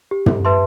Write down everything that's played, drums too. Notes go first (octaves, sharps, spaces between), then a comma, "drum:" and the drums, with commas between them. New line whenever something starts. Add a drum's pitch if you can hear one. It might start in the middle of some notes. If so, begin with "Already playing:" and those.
G4
drum: tom
B4 E5 A5 C6